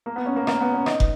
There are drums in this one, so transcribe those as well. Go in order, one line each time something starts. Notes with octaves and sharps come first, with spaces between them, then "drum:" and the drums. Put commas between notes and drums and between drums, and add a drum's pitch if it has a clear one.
A#3
B3
C#4
A#3
A#3, drum: rim click
B3
C#4
D#4, drum: rim click
drum: kick